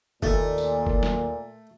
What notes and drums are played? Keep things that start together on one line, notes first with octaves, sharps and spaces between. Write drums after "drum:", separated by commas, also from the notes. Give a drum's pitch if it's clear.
D#2 A#2 A3, drum: kick F#1
drum: tambourine
drum: kick F#1
drum: snare